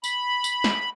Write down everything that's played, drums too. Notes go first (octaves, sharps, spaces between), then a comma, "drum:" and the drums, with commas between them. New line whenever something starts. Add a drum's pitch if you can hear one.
B5, drum: tambourine
drum: tambourine
drum: snare